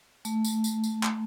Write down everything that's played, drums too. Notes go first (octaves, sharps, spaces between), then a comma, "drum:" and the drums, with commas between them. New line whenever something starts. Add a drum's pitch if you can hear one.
A3, drum: tambourine
drum: tambourine
drum: tambourine
drum: tambourine
drum: clap